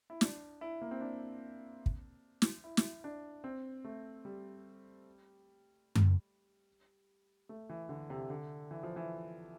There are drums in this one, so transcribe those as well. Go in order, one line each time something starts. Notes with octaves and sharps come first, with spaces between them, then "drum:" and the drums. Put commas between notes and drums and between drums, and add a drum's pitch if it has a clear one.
E4
D4, drum: snare
E4
A#3
C4
D4
drum: kick
drum: snare
E4
drum: snare
D4
C4
A3
G3
drum: tom F#2
A3
E3
D3
C3
D3
E3
F3
E3